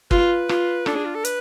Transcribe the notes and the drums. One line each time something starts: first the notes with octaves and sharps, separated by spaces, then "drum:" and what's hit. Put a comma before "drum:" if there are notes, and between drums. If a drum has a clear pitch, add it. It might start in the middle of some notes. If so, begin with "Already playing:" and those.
F4 B4, drum: kick
F4, drum: rim click
D4 A4, drum: rim click
G#4
F4
A4
B4, drum: hi-hat